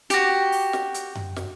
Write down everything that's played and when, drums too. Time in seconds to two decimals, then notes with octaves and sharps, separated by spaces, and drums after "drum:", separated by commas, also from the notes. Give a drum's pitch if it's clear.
0.10 F#4 G4, drum: hi-hat
0.52 drum: open hi-hat
0.73 drum: snare
0.94 drum: hi-hat
1.15 drum: tom F#2
1.36 drum: snare